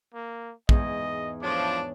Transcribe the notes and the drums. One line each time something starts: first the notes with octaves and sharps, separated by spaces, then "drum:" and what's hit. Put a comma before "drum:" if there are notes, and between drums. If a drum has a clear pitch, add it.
A#3
E2 G#2 D#5, drum: kick
A2 F3 D4 C#5 D6